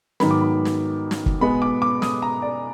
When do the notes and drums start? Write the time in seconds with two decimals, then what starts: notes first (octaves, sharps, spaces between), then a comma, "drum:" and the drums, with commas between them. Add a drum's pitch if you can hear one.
0.20 G#2 D#3 F#3 B3 B5, drum: snare
0.31 D6
0.41 B5
0.65 drum: snare
1.11 drum: snare
1.26 drum: kick
1.41 B2 G#3 B3 B5
1.62 D6
1.82 D6
2.02 D#6, drum: snare
2.22 A#5
2.42 D5